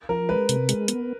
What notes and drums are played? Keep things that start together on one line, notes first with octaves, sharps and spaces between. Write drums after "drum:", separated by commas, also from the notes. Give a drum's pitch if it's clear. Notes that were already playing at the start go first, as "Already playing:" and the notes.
F3 A#4
G#3 B4
C3, drum: hi-hat
G#3, drum: hi-hat
B3, drum: hi-hat